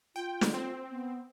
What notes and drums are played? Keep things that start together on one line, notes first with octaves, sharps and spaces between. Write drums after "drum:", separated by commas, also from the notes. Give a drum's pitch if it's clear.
F4 G5
drum: snare
C4
B3